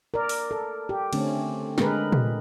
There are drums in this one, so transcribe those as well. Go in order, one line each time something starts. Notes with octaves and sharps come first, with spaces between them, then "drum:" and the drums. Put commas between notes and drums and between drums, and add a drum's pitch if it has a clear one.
A#4 D5
drum: open hi-hat
A4
G4
D3 A3 C4 C#4, drum: cymbal
D3 G#3 G#4 A#4 B4, drum: snare
drum: tom A#2